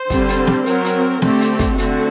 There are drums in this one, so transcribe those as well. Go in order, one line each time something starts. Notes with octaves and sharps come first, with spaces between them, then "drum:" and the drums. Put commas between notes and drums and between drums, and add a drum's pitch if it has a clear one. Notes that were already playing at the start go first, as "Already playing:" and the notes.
Already playing: C5
D3 G3 C4, drum: kick, hi-hat
drum: hi-hat
drum: snare
F#3 C4 A#4, drum: hi-hat
drum: hi-hat
D3 A3 C4 G4, drum: snare
drum: hi-hat
drum: kick, hi-hat
D3 A3 C4 F#4, drum: hi-hat